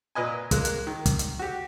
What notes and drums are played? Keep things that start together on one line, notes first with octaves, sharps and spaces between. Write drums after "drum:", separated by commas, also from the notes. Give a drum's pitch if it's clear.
A#2 B4 D#5 G#5
G#3 A#3 F#6, drum: kick, hi-hat
drum: hi-hat
D#3
drum: kick, hi-hat
drum: hi-hat
F#4 G4